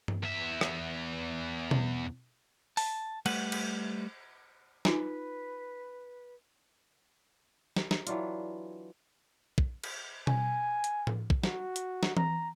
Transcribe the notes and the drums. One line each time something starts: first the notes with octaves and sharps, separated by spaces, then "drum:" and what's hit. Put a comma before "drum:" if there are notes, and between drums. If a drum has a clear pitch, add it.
drum: tom G2
E2 E5
drum: rim click
drum: tom B2
A5, drum: open hi-hat
G3 A3 B4 F#5, drum: cymbal
drum: cymbal
D#4 F4 B4 G#5, drum: snare
drum: snare
drum: snare
E3 F#3 D4 F4, drum: hi-hat
drum: kick
drum: cymbal
G#5, drum: tom B2
drum: hi-hat
drum: tom A2
drum: kick
F#4, drum: snare
drum: hi-hat
drum: snare
A#5, drum: tom E3